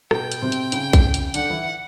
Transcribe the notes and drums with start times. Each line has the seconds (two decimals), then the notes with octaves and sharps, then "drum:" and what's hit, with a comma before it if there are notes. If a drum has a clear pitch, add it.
0.11 B2 B3 G5, drum: rim click
0.32 drum: hi-hat
0.42 C3 C4
0.52 drum: hi-hat
0.72 C#3 C#4, drum: hi-hat
0.93 drum: kick A#1, hi-hat
1.14 drum: hi-hat
1.34 D3 D4 F#5, drum: hi-hat
1.50 E3 E4